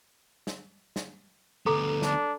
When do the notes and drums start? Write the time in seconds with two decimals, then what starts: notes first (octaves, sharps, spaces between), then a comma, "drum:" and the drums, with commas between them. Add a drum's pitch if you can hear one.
0.47 drum: snare
0.96 drum: snare
1.66 D2 B3 A4 A#5 D6
2.02 D4, drum: snare